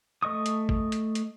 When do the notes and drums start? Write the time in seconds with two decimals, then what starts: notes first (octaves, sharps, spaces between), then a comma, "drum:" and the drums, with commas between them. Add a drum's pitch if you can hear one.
0.23 A3 D#5 C#6 D#6
0.46 drum: hi-hat
0.69 drum: kick
0.92 drum: hi-hat
1.15 drum: hi-hat